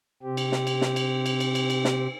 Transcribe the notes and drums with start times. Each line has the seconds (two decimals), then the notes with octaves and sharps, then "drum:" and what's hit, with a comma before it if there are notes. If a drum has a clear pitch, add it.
0.23 C3 C4 G4
0.37 drum: cymbal
0.52 drum: snare
0.67 drum: cymbal
0.81 drum: snare
0.96 drum: cymbal
1.26 drum: cymbal
1.40 drum: cymbal
1.55 drum: cymbal
1.70 drum: cymbal
1.85 drum: snare